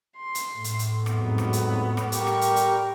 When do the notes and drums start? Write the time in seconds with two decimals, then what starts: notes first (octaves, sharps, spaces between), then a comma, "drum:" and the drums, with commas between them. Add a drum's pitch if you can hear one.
0.17 C6
0.35 drum: hi-hat
0.53 A2
0.64 drum: hi-hat
0.79 drum: hi-hat
1.06 F2 G#2 F#3 B3, drum: rim click
1.38 drum: rim click
1.53 drum: hi-hat
1.97 drum: rim click
2.12 G3 G4 A#4 C#6, drum: hi-hat
2.27 drum: rim click
2.41 drum: hi-hat
2.56 drum: hi-hat